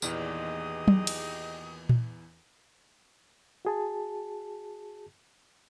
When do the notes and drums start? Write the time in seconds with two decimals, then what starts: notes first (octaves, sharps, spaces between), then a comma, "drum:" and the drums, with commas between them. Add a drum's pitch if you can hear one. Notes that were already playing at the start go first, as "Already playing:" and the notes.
0.02 E2 A#2 D#3 E3 D#4 G4 G#4 D#6, drum: tambourine
0.88 drum: tom F#3
1.07 drum: cymbal
1.89 drum: tom A#2
3.65 F#4 G#4 A5